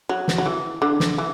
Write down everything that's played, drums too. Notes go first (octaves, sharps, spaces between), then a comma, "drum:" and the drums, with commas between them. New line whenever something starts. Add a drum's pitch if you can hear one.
F#3
drum: snare
F#3
E3
D3
drum: snare
E3